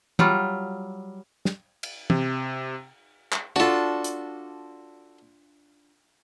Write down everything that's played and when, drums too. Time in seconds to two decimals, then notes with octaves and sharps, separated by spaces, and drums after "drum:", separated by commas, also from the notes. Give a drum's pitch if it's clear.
0.19 F#3 G3 F4, drum: tom
1.45 drum: snare
1.83 drum: cymbal
2.10 C3, drum: tom
3.32 drum: clap
3.56 D4 F4 F#4 A4
4.04 drum: hi-hat